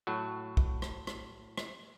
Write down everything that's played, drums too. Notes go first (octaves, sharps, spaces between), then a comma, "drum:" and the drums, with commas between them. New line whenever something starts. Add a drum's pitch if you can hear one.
A2 F#3
drum: kick
drum: rim click
drum: rim click
drum: rim click